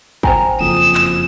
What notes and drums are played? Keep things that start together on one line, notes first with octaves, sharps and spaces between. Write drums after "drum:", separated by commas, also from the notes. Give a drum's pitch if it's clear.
C5 G5 G#5 A#5, drum: kick
F#1 F2 D#6 E7
drum: clap